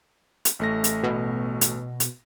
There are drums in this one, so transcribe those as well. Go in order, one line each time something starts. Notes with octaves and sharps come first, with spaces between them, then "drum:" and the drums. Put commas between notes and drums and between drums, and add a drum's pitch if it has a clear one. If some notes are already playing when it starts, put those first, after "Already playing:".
drum: hi-hat
A1 A3 A#6
drum: hi-hat
B2
drum: hi-hat
drum: hi-hat